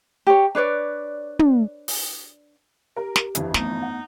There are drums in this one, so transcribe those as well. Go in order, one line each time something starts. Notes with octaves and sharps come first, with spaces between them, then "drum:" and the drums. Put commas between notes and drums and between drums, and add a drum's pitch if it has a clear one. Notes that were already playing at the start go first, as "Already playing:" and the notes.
G4 C#5
D4 B4 C#5 D5
drum: tom
drum: open hi-hat
G4 A#4
drum: snare
G1 F2 E3, drum: hi-hat
A3 B3 D#4, drum: snare
F#5